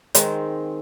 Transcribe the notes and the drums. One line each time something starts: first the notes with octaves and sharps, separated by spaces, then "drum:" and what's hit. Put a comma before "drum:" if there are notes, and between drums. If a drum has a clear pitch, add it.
D#3 G#3 C4, drum: hi-hat